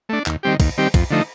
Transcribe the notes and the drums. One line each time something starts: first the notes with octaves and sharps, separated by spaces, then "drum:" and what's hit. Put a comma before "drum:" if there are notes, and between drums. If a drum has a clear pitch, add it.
A3 D4
D#2, drum: clap
D#3 G3 C4 G4
D#2, drum: kick, cymbal
D#3 G3 C4 G4
F2, drum: kick, cymbal
D3 F3 A3 D#4